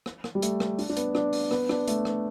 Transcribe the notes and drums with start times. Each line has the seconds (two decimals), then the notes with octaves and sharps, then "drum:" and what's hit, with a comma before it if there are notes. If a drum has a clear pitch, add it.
0.06 drum: rim click
0.24 drum: rim click
0.35 G3
0.42 A3, drum: hi-hat
0.60 drum: rim click
0.79 D4, drum: open hi-hat
0.90 D4
0.97 B3, drum: hi-hat
1.15 D4, drum: rim click
1.33 drum: open hi-hat
1.51 B3, drum: rim click
1.69 D4, drum: rim click
1.88 A3, drum: hi-hat
2.05 drum: rim click